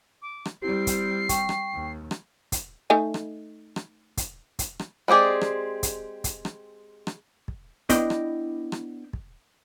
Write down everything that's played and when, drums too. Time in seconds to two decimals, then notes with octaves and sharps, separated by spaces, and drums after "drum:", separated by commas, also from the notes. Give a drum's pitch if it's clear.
0.22 D6
0.45 drum: rim click
0.62 G3 C4 E4 G4 C7
0.87 drum: kick, hi-hat
1.29 G5 C#6, drum: kick, hi-hat
1.49 drum: rim click
1.73 D#2
2.11 drum: rim click
2.52 drum: kick, hi-hat
2.90 A3 D#4 G#5
3.14 drum: rim click
3.76 drum: rim click
4.17 drum: kick, hi-hat
4.59 drum: kick, hi-hat
4.79 drum: rim click
5.08 G#3 C4 G4 G#4 D5
5.41 drum: rim click
5.83 drum: kick, hi-hat
6.24 drum: kick, hi-hat
6.45 drum: rim click
7.07 drum: rim click
7.48 drum: kick
7.89 B3 D4 E4 D#5 G5, drum: kick, hi-hat
8.10 drum: rim click
8.72 drum: rim click
9.13 drum: kick